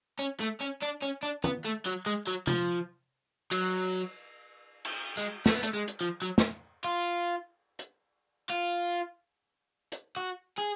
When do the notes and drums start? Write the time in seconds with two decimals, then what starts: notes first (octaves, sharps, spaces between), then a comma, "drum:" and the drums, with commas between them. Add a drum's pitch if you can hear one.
0.19 C#4
0.40 A3
0.61 C#4
0.82 D4
1.02 C#4
1.23 D4
1.44 B3, drum: tom D#3
1.65 A3
1.86 F#3
2.06 G#3
2.27 F#3
2.47 F3, drum: tom C3
3.51 F#3, drum: cymbal
4.85 drum: cymbal
5.17 G#3
5.46 A3, drum: snare
5.54 B3
5.63 A3, drum: hi-hat
5.73 G#3
5.88 drum: hi-hat
6.01 F3
6.22 F#3
6.38 drum: snare
6.84 F4
7.79 drum: hi-hat
8.50 F4
9.92 drum: hi-hat
10.16 F#4
10.58 G#4